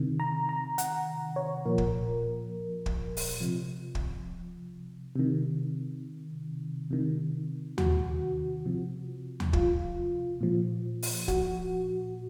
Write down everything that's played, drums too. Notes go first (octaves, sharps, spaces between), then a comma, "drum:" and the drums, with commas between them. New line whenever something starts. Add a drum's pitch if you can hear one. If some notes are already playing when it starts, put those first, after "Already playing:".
Already playing: C3 D#3
A#5
A#5
F#5, drum: hi-hat
C#5
A#2 F3 A#4
drum: kick
drum: kick
drum: open hi-hat
C3 F3
drum: kick
C3 D#3
C3 D#3
F#4, drum: tom D#2
C3 F3
drum: tom D#2
F4, drum: kick
A#2 F3
drum: open hi-hat
F#4, drum: kick